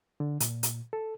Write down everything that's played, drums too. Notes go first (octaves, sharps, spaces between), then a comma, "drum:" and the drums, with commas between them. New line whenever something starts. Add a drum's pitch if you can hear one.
D3
A#2, drum: hi-hat
drum: hi-hat
A4